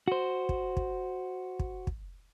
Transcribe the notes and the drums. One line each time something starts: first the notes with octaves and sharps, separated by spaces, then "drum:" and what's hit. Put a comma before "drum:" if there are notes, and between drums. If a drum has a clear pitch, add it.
F#4 C5
drum: kick
drum: kick
drum: kick
drum: kick